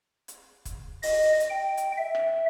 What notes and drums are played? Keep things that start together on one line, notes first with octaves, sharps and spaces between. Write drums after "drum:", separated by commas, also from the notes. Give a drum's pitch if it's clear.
drum: hi-hat
drum: kick, hi-hat
D#5, drum: open hi-hat
drum: hi-hat
G5
drum: hi-hat
E5
drum: rim click